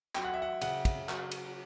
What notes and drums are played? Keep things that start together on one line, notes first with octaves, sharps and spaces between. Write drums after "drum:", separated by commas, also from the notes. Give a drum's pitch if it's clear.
F#3 G5, drum: clap
F#5
E5
F#5
C#3 F#5, drum: cymbal
drum: kick, cymbal
F#3, drum: clap
drum: cymbal